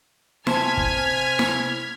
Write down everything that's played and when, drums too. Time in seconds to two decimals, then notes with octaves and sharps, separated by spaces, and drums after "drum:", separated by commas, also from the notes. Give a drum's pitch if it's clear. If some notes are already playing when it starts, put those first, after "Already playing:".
0.47 C3 C5 G#5 A5 F6 G#6 B6, drum: snare
0.77 drum: kick
1.39 drum: snare